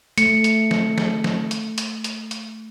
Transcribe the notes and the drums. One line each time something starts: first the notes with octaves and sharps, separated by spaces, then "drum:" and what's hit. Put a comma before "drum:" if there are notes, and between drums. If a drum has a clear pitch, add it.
A3 C#7, drum: hi-hat
drum: hi-hat
drum: snare
drum: snare
drum: snare
drum: hi-hat
drum: hi-hat
drum: hi-hat
drum: hi-hat